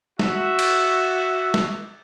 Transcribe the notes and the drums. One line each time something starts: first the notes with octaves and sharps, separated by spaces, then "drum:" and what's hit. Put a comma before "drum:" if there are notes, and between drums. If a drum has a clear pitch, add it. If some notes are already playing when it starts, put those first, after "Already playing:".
F#4 E5, drum: snare
drum: cymbal
drum: snare